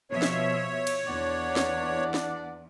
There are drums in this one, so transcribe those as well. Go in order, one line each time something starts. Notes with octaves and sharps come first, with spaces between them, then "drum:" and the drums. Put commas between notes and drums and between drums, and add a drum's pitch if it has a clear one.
B2 F3 C#5 E5
drum: snare
drum: cymbal
E2 D4 D5 F#5
drum: snare
drum: snare